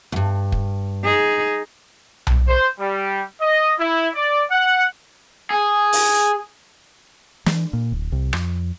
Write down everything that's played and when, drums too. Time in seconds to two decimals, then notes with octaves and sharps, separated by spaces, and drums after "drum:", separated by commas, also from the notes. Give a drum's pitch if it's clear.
0.12 D2 G2
0.52 drum: kick
1.04 D#4 G#4
2.27 drum: tom B1
2.48 C5
2.79 G3
3.41 D#5
3.79 E4
4.15 D5
4.50 F#5
5.50 G#4
5.93 drum: open hi-hat
7.46 E3, drum: snare
7.73 A#2
7.92 D1
8.12 C2
8.33 F2, drum: rim click